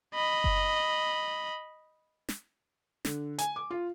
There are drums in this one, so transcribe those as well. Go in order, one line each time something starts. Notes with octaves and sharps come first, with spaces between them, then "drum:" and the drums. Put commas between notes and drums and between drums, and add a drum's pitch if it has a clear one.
D#5 B5
drum: kick F#1
drum: snare
D3, drum: snare
G#5, drum: hi-hat
D6
F4